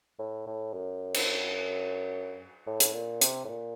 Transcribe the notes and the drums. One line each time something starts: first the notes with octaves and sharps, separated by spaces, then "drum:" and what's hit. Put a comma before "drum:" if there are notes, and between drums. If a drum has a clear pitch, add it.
A2
A2
F#2
drum: cymbal
A2
drum: hi-hat
A#2
C3, drum: hi-hat
A2
A#2